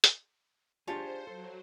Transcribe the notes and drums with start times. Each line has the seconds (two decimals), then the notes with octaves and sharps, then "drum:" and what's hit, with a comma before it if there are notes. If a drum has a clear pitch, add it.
0.04 drum: hi-hat
0.87 D4 F4 G4 G#4 C5 C#5 A5
1.27 F#3 A4